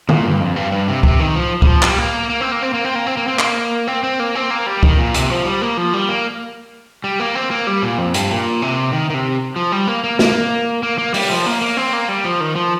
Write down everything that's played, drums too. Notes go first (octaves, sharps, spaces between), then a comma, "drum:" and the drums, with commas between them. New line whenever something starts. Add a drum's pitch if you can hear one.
A#2, drum: tom D3
G2
F2
G2
G2
C3
C3, drum: kick C2
D#3
F3
G3, drum: kick C2
F3
G3, drum: clap
A#3
A#3
C4
A#3
C4
A#3
C4
A#3
C4
A#3
C4
A#3, drum: clap
C4
C4
A#3
C4
A#3
G3
D#3, drum: kick C2
A#2
C3, drum: hi-hat
F3
G3
A#3
F3
G3
A#3
G3
A#3
C4
A#3
G3
A#2
F2
G2, drum: hi-hat
A#2
C3
D#3
D#3
C3
F3
G3
A#3
A#3
A#3, drum: snare
A#3
A#3
G3, drum: open hi-hat
F3
A#3
A#3
C4
A#3
G3
F3
D#3
F3